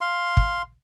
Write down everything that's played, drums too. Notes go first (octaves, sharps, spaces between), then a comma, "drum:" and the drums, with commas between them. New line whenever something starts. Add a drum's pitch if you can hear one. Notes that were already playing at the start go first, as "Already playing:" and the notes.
F5 C6
drum: kick